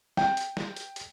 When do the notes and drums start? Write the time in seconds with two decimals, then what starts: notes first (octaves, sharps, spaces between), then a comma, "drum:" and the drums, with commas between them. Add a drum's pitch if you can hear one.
0.17 G5, drum: snare
0.37 drum: hi-hat
0.57 drum: snare
0.76 drum: hi-hat
0.96 drum: hi-hat